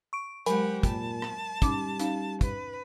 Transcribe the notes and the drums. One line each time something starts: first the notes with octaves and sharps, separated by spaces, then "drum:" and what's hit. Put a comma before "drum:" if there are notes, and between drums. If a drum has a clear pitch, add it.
C#6 D7
F#3 G#3 G4 A#4 C5 F#5 G#5 B5, drum: hi-hat
A#2 G5 A5, drum: kick, hi-hat
drum: rim click
G3 C#4 D#4 D6, drum: kick, hi-hat
C#4 D#4 F5, drum: hi-hat
B4, drum: kick, hi-hat